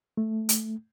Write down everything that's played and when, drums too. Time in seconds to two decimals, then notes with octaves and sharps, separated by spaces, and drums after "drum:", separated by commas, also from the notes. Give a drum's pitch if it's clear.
0.17 A3
0.49 drum: hi-hat